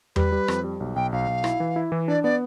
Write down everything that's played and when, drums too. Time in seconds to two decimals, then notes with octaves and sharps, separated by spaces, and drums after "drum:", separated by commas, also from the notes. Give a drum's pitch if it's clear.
0.16 G3 B4, drum: tom E2
0.32 G3
0.48 F2, drum: rim click
0.64 G3
0.80 B1
0.96 B1 G5
1.12 B1 F5
1.28 B1
1.44 E4, drum: rim click
1.60 E3
1.76 E4
1.92 E3
2.08 D4 D5
2.24 B3 D5